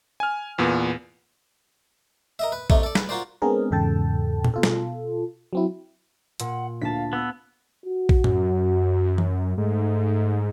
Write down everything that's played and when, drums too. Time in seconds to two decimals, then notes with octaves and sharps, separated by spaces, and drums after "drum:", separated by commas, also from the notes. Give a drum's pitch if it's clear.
0.20 G#5 F6
0.58 E2 A#2 B3
2.39 A#4 D#5 E5
2.52 B4
2.70 C3 A3 D4 D#4, drum: kick A#1
2.83 A4 D5
2.95 B4, drum: snare
3.09 F4 F#4 A#4 C5 D5
3.42 G#3 B3 C4 D4 G#4 A#4
3.71 E2 G#2 C#3 A4 G5 A5
4.45 drum: tom A#2
4.54 B2 F4 A4
4.63 drum: snare
5.53 F#3 C4 E4
6.40 A#2 F#5, drum: hi-hat
6.81 D2 A#2 F5 A5 B6
7.13 B3 E6
7.86 F#4
8.09 drum: kick A#1
8.24 F#2, drum: tom A2
9.18 drum: tom E3
9.58 G#2 A3